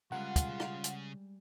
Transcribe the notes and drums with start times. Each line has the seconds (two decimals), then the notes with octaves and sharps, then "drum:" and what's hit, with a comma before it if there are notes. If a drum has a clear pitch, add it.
0.12 C#3 G3 G#3 F4 G#4 A#4 F#5
0.36 drum: kick, hi-hat
0.60 drum: rim click
0.84 drum: hi-hat